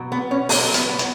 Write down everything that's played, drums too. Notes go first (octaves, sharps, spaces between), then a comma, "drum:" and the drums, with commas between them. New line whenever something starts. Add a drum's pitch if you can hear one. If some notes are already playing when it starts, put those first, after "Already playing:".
Already playing: B2 F#3
B3
C#4
B2 F#3 A#3, drum: open hi-hat
B3, drum: hi-hat
B3
drum: hi-hat